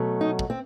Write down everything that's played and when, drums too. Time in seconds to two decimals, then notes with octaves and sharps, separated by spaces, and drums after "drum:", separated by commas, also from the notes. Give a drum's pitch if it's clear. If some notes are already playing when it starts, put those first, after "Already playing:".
Already playing: B2 F#3 A3
0.21 D#4
0.39 drum: kick
0.50 C4